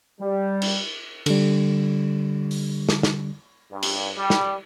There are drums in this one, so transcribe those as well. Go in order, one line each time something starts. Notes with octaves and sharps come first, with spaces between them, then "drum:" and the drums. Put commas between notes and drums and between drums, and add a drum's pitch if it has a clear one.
G3
drum: cymbal
D3 G3, drum: cymbal
drum: open hi-hat
drum: snare
drum: snare
G2
drum: cymbal
G3
drum: snare